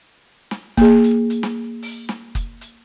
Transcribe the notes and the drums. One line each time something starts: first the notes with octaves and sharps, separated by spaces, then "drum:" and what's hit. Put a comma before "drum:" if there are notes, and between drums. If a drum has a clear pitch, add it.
drum: snare
A#3 G#4, drum: kick, hi-hat
drum: hi-hat
drum: hi-hat
drum: snare
drum: open hi-hat
drum: snare
drum: kick, hi-hat
drum: hi-hat